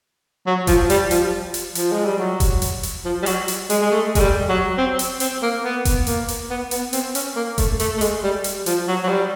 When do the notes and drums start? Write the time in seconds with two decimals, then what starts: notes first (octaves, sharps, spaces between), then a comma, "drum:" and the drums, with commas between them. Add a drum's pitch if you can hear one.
0.47 F#3
0.67 F3, drum: kick F1, hi-hat
0.90 G3, drum: hi-hat
1.11 F3, drum: hi-hat
1.54 drum: hi-hat
1.75 F3, drum: hi-hat
1.92 G#3
2.06 G3
2.18 F#3
2.40 drum: kick F1, hi-hat
2.62 drum: hi-hat
2.83 drum: hi-hat
3.05 F3
3.22 G3
3.26 F#3, drum: hi-hat
3.48 drum: hi-hat
3.70 G#3, drum: hi-hat
3.82 G#3
3.91 A3
4.15 G#3, drum: kick F1, hi-hat
4.20 G3
4.49 F#3
4.78 C4
4.99 drum: hi-hat
5.20 C4, drum: hi-hat
5.42 A#3
5.64 B3
5.85 drum: kick F1, hi-hat
6.07 A#3, drum: hi-hat
6.28 drum: hi-hat
6.50 B3
6.71 B3, drum: hi-hat
6.93 C4, drum: hi-hat
7.15 C#4, drum: hi-hat
7.36 A#3
7.58 A3, drum: kick F1, hi-hat
7.80 A3, drum: hi-hat
7.97 A3
8.01 G#3, drum: hi-hat
8.23 G3
8.44 drum: hi-hat
8.66 F3, drum: hi-hat
8.88 F#3
9.03 F#3
9.09 G3